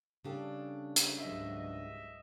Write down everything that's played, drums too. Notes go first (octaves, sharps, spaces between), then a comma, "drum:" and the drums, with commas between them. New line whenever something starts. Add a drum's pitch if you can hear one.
C#3 G3 D4 G4 A4
drum: hi-hat
C#2 G#2 F#3 D#5 E5